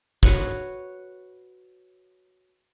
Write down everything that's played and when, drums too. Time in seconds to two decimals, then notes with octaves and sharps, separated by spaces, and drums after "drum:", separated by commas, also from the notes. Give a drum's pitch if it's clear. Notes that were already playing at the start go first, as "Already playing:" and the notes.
0.23 F#4 B4 C#5, drum: kick